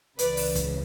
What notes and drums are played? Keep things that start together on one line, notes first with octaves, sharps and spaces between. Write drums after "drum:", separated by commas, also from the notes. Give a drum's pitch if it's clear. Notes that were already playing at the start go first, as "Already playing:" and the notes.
C#2 C#3 E3 B4 D5, drum: hi-hat
drum: open hi-hat
drum: kick, hi-hat